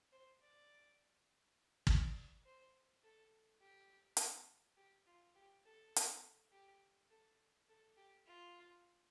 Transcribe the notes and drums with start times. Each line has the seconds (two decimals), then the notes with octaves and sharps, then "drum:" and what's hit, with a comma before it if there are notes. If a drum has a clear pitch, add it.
0.12 C5
0.41 D5
1.87 D5, drum: kick
2.45 C5
3.03 A4
3.61 G4
4.17 drum: hi-hat
4.77 G4
5.06 F4
5.35 G4
5.64 A4
5.96 drum: hi-hat
6.52 G4
7.10 A4
7.68 A4
7.97 G4
8.26 F4